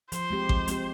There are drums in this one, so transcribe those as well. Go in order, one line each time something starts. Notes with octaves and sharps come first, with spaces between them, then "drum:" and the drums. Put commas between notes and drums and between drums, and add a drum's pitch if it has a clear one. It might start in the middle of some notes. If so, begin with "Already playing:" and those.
F3 C5, drum: hi-hat
G#3 C4 G4
F3, drum: kick A1
G#3 C4 G4, drum: hi-hat